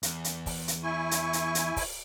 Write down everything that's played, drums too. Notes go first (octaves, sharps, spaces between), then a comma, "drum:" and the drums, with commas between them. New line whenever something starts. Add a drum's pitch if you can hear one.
E2, drum: hi-hat
drum: hi-hat
drum: kick, open hi-hat
drum: hi-hat
E4 G#5 C#6
drum: hi-hat
drum: hi-hat
drum: hi-hat
drum: kick, open hi-hat